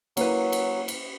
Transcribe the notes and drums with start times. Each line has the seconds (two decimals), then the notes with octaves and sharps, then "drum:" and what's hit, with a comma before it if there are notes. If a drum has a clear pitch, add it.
0.17 F#3 A#3 E4 B4, drum: cymbal
0.52 drum: cymbal
0.88 drum: cymbal